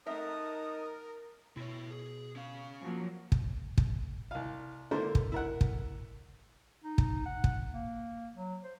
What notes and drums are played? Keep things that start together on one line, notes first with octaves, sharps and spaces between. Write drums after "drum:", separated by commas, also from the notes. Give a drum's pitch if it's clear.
A3 C4 D#4 A#4 E5 F#5 A5 D#6
B2 E4 C#5
G#4
C#4 F5
F3 F#3 A#3
drum: kick
drum: kick
C2 F5
D3 A#3 E4 A4 A#4 C5
drum: kick
E4 A#4 F#5
drum: kick
D#4
drum: kick
F#5
drum: kick
A#3
F#3
C5